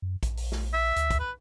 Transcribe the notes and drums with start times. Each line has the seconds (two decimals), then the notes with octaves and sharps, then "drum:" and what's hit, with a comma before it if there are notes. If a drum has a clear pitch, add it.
0.02 F#2
0.23 A#1, drum: kick, hi-hat
0.37 drum: open hi-hat
0.52 drum: snare
0.73 E5
0.96 D2, drum: hi-hat
1.10 drum: kick, hi-hat
1.20 B4